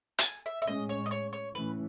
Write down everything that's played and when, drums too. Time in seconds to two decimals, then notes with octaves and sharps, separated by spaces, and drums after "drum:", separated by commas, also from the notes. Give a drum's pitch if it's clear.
0.18 A5, drum: hi-hat
0.23 G#5
0.46 E5
0.62 E5
0.67 A2 G#3 C#4 D#5
0.89 C#5
1.06 D#5
1.11 C#5
1.33 C#5
1.55 A2 E3 A3 C#4 B4